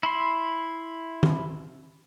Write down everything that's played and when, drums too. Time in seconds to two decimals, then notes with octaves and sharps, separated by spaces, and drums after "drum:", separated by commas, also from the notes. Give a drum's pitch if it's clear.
0.03 E4 B5 C6
1.23 drum: tom D#3